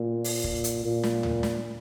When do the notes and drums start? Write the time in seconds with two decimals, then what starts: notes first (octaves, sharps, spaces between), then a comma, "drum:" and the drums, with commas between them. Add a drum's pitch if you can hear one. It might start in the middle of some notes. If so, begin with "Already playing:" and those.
Already playing: A#2
0.24 drum: open hi-hat
0.44 drum: kick
0.64 drum: hi-hat
0.84 A#2
1.03 drum: snare
1.23 drum: tom D2
1.43 drum: snare